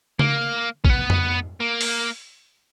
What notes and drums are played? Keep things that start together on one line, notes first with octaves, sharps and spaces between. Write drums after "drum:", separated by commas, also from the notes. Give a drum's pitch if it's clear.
A#3, drum: tom C#3
C#4, drum: kick
B3
drum: tom F2
A#3
drum: open hi-hat